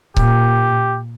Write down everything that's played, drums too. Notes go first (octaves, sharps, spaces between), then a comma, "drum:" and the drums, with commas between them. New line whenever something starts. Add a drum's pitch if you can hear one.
A#2 G4, drum: kick C#1